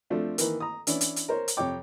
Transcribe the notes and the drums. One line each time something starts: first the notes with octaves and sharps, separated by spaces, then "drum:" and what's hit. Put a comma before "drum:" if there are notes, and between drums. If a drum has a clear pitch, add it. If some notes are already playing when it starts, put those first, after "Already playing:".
F3 A3 C4 D4
D#3 E3 A#3, drum: hi-hat
A#5 D#6
E3 C#4 D4 E4, drum: hi-hat
drum: hi-hat
drum: hi-hat
A#4 C5 C#5
drum: hi-hat
F2 C3 C#5 G5 D6